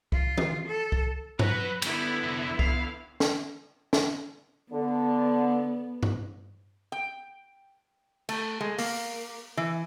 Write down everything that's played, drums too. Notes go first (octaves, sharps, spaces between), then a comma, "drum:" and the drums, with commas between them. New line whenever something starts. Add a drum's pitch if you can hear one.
F4, drum: kick
drum: tom D#3
A4
drum: kick
F#3 B4, drum: tom G2
D3 G3 B3 E4, drum: cymbal
C2 F2
F5, drum: kick
drum: snare
drum: snare
D3 B3
drum: tom G2
G5
A3, drum: cymbal
G#3
A#3, drum: open hi-hat
E3